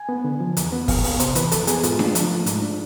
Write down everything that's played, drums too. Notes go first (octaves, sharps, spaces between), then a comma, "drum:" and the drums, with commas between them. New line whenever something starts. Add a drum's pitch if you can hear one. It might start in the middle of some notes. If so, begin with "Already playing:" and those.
Already playing: G#5
B3
D3
F3
E2, drum: hi-hat
B3
F2 F5, drum: kick, open hi-hat
B3, drum: open hi-hat
C3 C5, drum: hi-hat
E3 B4, drum: hi-hat
F2 A4, drum: hi-hat
B3 G#4, drum: hi-hat
G#2 F4, drum: hi-hat
D4, drum: snare D4
F4
F3, drum: hi-hat
A3
G#2, drum: hi-hat
D4